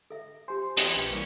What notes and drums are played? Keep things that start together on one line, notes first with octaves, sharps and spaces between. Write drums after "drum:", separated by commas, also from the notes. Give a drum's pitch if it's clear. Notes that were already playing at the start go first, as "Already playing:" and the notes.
A4 E5
G4 C5 G#5
E3 B3, drum: hi-hat
A#1 C#4 G4 B4 G5
E3 G3 A#3